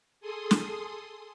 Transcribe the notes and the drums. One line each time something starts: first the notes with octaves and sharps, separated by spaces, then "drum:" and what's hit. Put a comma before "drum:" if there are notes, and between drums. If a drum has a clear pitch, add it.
G#4 A4 C6 D#6
drum: snare